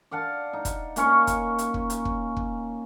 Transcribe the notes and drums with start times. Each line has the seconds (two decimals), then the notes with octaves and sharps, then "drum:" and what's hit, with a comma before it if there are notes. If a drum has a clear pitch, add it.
0.11 D5 F5 F#5 A5
0.53 D#4
0.65 drum: kick, hi-hat
0.96 A#3 C#4 C#5, drum: hi-hat
1.27 drum: kick, hi-hat
1.58 drum: hi-hat
1.74 drum: kick
1.90 drum: hi-hat
2.05 drum: kick
2.37 drum: kick